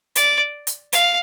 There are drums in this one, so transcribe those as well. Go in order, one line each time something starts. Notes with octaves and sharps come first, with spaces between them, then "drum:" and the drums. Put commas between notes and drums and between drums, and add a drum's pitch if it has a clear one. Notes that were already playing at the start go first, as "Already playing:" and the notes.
D5, drum: hi-hat
drum: hi-hat
F5, drum: hi-hat